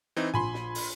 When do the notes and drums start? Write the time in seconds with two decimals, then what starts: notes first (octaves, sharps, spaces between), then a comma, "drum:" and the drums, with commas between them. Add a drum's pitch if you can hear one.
0.16 E3 C4 D#4
0.34 A#1 G#5 B5 C6
0.54 drum: snare
0.75 drum: open hi-hat